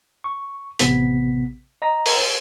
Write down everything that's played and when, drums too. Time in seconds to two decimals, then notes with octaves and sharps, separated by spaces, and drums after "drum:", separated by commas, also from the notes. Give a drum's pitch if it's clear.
0.24 C#6
0.79 A1 C3 B3 B6, drum: hi-hat
1.82 D#5 A#5 A#6
2.06 drum: open hi-hat